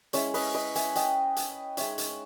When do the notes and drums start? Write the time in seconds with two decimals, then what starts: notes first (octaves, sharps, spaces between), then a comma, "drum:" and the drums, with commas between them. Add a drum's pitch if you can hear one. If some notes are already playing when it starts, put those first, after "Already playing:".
0.13 G#3 C#4 E4 C#5 E5, drum: hi-hat
0.34 B4 D#5, drum: open hi-hat
0.54 B4 D#5
0.75 E5 G#5, drum: hi-hat
0.95 D#5 G5, drum: hi-hat
1.36 drum: hi-hat
1.77 G#3 D#4 C#5 E5, drum: hi-hat
1.98 drum: hi-hat